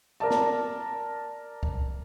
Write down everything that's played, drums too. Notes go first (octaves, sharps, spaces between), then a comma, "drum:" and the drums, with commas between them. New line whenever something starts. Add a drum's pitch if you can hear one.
A#4 D5 A5
drum: snare
drum: kick C2